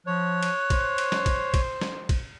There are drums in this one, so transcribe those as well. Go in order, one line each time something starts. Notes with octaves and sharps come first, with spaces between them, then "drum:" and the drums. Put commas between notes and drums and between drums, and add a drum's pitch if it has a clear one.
F3 C#5 F#6
drum: cymbal
C5, drum: kick, cymbal
drum: cymbal
drum: snare
drum: kick, cymbal
drum: kick, cymbal
drum: snare
drum: kick, cymbal